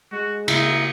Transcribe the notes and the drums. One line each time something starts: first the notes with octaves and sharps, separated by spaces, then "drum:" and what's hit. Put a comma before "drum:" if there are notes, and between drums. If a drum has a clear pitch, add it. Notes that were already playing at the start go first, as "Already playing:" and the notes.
G#3 F#4
C#3 A#3 D#4 E4, drum: cymbal